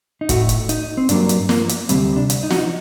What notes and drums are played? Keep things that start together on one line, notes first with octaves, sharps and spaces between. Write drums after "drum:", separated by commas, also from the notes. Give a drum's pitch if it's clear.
D#4
A2 A3 F#4, drum: kick, hi-hat
drum: hi-hat
D#4, drum: hi-hat
C4
G2 F#3 A#3 D4, drum: hi-hat
drum: hi-hat
A#3, drum: snare
drum: hi-hat
D2 C3 G3 C4, drum: hi-hat
D4
drum: hi-hat
D#4
F#4, drum: snare
D#4